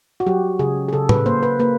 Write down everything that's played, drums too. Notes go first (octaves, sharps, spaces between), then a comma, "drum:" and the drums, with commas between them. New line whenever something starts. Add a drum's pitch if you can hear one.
F#4
F#3 G4
C#3 G#4
G#4
C#3 A4
B4, drum: tom A2
A#3 C5
B4
A#3 B4